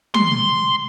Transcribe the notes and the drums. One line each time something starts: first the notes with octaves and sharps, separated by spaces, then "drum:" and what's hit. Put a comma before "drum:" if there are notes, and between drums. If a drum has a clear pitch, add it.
C6, drum: tom